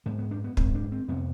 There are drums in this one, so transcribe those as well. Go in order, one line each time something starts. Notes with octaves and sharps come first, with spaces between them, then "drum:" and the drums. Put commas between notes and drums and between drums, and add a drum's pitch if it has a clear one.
G#2 B3
B3
D4
B3
G#2 C4, drum: kick
D4
C4
F2 C3 B3